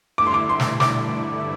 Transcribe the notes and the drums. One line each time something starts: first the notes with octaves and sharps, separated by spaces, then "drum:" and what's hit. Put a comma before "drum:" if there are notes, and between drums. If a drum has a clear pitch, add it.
G2 D3 A3 E4 D6
C6
D6
C6
drum: snare
D6, drum: snare